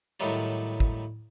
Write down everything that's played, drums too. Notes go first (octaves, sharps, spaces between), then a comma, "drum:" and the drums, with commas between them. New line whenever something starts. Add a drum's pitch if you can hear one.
A2 D#3 F#3 G3 F4
drum: kick